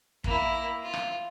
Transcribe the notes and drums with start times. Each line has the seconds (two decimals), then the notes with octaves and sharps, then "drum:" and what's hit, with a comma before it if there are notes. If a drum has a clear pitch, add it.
0.24 A#3 E4, drum: kick
0.82 F4
0.94 drum: rim click